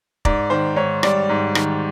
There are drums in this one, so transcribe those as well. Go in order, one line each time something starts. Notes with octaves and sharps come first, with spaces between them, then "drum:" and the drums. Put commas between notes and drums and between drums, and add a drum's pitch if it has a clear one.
G#2 D5, drum: kick
D#3 C5
G#2 C#5
G3 D5, drum: rim click
G#2
D#3, drum: rim click